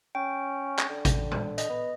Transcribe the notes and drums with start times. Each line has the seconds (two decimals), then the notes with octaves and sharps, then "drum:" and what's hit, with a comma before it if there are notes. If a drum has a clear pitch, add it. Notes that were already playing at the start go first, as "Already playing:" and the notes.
0.15 C#4 G5
0.79 drum: clap
0.89 D3
1.05 drum: kick G#1, hi-hat
1.31 drum: tom
1.58 D#5, drum: hi-hat
1.69 B3